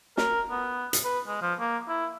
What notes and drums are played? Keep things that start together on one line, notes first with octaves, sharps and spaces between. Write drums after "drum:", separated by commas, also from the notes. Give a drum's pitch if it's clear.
A#4, drum: snare
B3
drum: hi-hat
B4
G#3
F3
A#3
E4